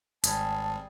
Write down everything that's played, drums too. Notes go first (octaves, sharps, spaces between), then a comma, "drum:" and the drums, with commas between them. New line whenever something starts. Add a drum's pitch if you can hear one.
G#1 G3 G#4 A5, drum: hi-hat